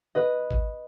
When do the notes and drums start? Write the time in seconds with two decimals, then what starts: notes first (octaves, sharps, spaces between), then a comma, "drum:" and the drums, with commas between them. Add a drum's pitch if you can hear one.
0.15 B4 D#5
0.51 drum: kick G#1